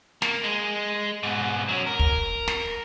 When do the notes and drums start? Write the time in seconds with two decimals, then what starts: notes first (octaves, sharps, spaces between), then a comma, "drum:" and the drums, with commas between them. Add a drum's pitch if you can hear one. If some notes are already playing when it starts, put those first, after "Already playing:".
0.22 A#3, drum: snare
0.44 G#3
1.23 G#2 B2
1.69 F#3 C#4
1.87 A#4
1.99 drum: kick
2.48 drum: snare